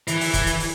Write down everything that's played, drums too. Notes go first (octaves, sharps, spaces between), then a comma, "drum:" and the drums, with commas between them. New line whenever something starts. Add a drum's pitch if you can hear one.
E3, drum: hi-hat
drum: open hi-hat
drum: kick, hi-hat
drum: hi-hat
drum: open hi-hat